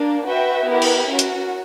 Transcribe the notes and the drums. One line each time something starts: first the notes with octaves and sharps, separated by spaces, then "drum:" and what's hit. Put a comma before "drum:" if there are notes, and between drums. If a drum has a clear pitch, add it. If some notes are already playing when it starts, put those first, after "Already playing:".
Already playing: A#3 D4
F#4 B4 E5 G5
B3 E4 G4 A#4
drum: cymbal
C#4 F#4 A#4
drum: hi-hat